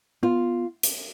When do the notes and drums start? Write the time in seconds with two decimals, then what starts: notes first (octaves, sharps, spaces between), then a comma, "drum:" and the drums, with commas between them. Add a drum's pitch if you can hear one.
0.23 B3 F4
0.83 drum: hi-hat